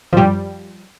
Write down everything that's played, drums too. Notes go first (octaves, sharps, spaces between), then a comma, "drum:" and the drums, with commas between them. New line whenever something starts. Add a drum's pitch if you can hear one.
F3 G3, drum: tom